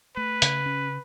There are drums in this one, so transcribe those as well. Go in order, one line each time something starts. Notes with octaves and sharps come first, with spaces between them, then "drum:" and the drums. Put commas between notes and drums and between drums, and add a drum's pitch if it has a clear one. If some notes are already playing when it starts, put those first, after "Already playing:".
A3 B4
C#3, drum: hi-hat
C#4